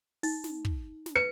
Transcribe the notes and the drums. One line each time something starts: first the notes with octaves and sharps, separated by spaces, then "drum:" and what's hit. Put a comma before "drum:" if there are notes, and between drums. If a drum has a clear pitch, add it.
D#4, drum: open hi-hat
drum: snare
drum: kick
drum: snare
B4 C#7